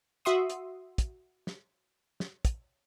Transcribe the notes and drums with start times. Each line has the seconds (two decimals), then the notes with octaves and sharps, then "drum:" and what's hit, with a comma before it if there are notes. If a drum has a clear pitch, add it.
0.25 F#4 E5 C6 D#6
0.50 drum: hi-hat
0.98 drum: kick, hi-hat
1.47 drum: snare
2.20 drum: snare
2.45 drum: kick, hi-hat